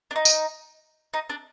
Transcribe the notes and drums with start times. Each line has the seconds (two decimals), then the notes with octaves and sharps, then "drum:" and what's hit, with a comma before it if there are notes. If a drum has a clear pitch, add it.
0.11 D4
0.16 D#4
0.25 drum: tambourine
1.14 D#4
1.30 D4